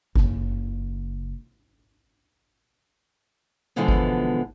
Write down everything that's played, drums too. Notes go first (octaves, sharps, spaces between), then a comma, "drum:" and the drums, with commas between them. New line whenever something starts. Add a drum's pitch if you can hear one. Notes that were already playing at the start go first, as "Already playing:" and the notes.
F#1 C#3, drum: kick G1
B2 D3 E3 F3 G#3 B3
drum: kick G1